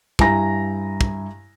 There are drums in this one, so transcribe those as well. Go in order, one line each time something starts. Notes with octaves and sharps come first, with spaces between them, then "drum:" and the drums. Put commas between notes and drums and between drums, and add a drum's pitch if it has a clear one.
G2 E4 G#5 A#5 A#6, drum: kick
drum: kick